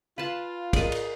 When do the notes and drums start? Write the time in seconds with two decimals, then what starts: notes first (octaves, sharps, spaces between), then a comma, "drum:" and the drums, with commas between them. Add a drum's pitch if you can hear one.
0.18 F4 B4 F5 A5
0.73 G#4 A#4 D5 D#5, drum: kick, cymbal
0.92 drum: cymbal